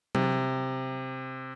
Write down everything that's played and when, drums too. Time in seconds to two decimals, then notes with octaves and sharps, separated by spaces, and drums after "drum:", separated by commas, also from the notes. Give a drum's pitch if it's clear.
0.15 C3, drum: tom F#3